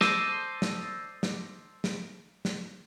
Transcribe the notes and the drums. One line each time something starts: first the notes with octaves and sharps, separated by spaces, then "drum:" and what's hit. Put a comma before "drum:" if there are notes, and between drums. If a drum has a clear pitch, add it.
A4 C5 D5 D#5, drum: snare
drum: snare
drum: snare
drum: snare
drum: snare